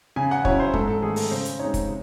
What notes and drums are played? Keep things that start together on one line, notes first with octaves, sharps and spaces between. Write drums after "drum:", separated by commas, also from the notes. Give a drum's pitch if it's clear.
C#3 G#5
F#5
F#3 C#4 E4 C#5, drum: kick
C5
G#2 A4, drum: kick
A4
D#3 A3 G#4
A4, drum: open hi-hat
C#3 C5
drum: hi-hat
G#3 C4 D#4 C#5
drum: kick, hi-hat
C3